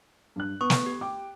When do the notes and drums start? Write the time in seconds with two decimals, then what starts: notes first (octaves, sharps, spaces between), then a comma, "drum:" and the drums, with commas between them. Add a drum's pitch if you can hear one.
0.36 G2 F#6
0.61 B3 C#6 D#6
0.70 drum: snare
0.86 G4
1.01 G5 D6